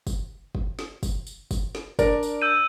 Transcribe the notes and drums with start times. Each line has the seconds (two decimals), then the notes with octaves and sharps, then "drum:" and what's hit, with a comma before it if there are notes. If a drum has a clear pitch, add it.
0.07 drum: kick, tambourine
0.55 drum: kick
0.79 drum: snare
1.03 drum: kick, tambourine
1.27 drum: tambourine
1.51 drum: kick, tambourine
1.75 drum: snare
1.99 D4 A#4 D5, drum: kick, tambourine
2.23 drum: tambourine
2.42 E6 G6 D#7